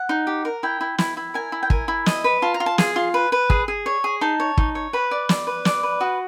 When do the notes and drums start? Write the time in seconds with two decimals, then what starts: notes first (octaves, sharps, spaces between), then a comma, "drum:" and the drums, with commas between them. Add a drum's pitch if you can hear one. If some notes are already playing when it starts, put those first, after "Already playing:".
Already playing: F#5
0.09 D#4
0.27 G4
0.45 A#4
0.63 E4 G5
0.81 E4
0.98 E4, drum: snare
1.17 E4
1.34 A#4 G#5
1.52 E4
1.63 G5
1.70 A#4 G#5, drum: kick
1.88 E4
2.06 D#5, drum: snare
2.24 B4
2.42 F4 A5
2.54 A#5
2.60 F4
2.66 A5
2.78 G#4 G#5, drum: snare
2.96 F4
3.14 B4
3.32 B4
3.50 G#4, drum: kick
3.68 G#4
3.86 C#5
4.04 G#4
4.21 D#4 A5
4.40 C#5
4.58 D#4, drum: kick
4.75 C#5
4.93 B4 B5
5.11 D5
5.29 D5, drum: snare
5.47 B4
5.65 D5, drum: snare
5.83 B4
6.01 F#4 D#6